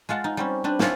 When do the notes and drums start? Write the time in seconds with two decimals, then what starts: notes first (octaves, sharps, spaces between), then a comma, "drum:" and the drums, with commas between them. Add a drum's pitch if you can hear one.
0.09 G#3 F4 F#5 A5
0.24 D#4
0.37 G3 C4 C#4
0.64 C4 D4 B4
0.79 C4 C#4 E4 F4 F#5, drum: snare